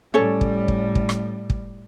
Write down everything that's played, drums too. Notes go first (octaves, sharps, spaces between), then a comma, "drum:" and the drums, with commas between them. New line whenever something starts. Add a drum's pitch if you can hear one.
A2 G3 C#4 A4 C#5
drum: kick
drum: kick
drum: kick
drum: rim click
drum: kick